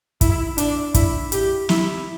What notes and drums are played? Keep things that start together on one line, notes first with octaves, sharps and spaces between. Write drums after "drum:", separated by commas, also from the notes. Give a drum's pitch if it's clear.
E4, drum: kick, hi-hat
D4, drum: hi-hat
E4, drum: kick, hi-hat
G4, drum: hi-hat
E4, drum: snare